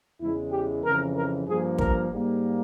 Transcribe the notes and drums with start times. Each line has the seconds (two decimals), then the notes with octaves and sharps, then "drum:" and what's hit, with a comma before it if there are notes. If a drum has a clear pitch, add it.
0.21 E2 C#3 E3 G#3 E4
0.52 G4
0.84 F2 C#3 E3 A#4
1.16 A#4
1.47 G2 F3 A#3 G#4
1.79 A#4, drum: kick
2.11 G#2 G3 A#3